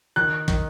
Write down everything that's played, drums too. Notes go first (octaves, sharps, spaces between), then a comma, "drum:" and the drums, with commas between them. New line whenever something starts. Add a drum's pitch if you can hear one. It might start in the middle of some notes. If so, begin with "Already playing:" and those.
D#3 F#6
D#3, drum: kick